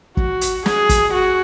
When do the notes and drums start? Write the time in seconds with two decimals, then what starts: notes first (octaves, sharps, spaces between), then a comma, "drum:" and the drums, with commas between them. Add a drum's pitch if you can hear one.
0.17 F#4, drum: kick
0.41 drum: hi-hat
0.66 G#4, drum: snare
0.89 drum: kick, hi-hat
1.13 F#4